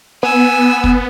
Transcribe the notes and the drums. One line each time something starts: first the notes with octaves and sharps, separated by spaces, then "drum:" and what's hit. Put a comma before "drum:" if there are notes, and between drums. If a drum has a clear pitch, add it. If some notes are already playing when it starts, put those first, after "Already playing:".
B3 G#5 E6
drum: kick